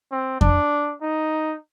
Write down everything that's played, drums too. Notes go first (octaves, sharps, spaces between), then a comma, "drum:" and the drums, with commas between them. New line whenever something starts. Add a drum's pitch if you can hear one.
C4
D4, drum: kick F2
D#4